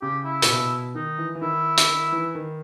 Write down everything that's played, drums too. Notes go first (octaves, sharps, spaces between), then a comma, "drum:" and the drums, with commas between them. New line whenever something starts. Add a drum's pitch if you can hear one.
C#3 G4
E4
A#2, drum: hi-hat
B2
D#3 D#4
E3
E3
D#3 E4
drum: hi-hat
D#3
E3
D#3